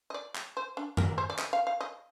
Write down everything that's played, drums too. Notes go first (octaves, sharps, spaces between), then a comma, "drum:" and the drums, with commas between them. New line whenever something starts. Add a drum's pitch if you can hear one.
D#5
D5
drum: clap
C5
D4
A#4, drum: tom
C5
D5
D#5, drum: clap
F5
F5
D#5